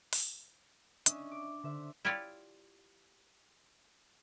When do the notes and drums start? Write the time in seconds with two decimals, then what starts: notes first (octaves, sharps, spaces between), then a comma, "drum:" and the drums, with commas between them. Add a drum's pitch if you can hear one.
0.13 drum: open hi-hat
1.06 C#4 D4 D#5 E5, drum: hi-hat
1.31 D6
1.63 D3 C5 E5
2.05 E4 F4 G4 C#5 D5